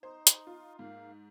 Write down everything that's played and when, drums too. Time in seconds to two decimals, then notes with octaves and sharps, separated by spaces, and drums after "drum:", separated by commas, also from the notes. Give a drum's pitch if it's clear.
0.03 D#4 C5
0.27 drum: hi-hat
0.47 F4
0.79 G#2 A#3 F5